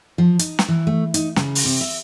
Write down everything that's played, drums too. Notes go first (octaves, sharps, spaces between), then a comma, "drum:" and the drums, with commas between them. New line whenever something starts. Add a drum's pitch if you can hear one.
F3
D#4, drum: hi-hat
drum: snare
E3
A3
D#4, drum: hi-hat
C#3, drum: snare
drum: open hi-hat
C3
E5